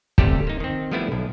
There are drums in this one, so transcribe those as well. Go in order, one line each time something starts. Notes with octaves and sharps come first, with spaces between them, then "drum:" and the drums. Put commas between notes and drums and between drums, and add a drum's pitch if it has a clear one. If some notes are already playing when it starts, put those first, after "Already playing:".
G1 C3 G3 A3 G4 A4, drum: kick
A#3 D#4
D#3 C4
F3 G3 A3 B3 D4 E4
B1